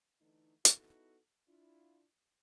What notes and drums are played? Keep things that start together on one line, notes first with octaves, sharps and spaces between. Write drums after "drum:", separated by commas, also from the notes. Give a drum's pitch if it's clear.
D3 E3 A3 D#4
B3 D#4 E4 F#4 A4, drum: hi-hat
D4 E4 F4